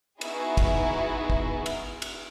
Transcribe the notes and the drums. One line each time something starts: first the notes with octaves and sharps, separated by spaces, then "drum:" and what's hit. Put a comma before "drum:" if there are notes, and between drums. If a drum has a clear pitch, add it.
B3 D#4 E4 F#4 G#4, drum: cymbal
drum: kick, cymbal
drum: kick
drum: cymbal
drum: cymbal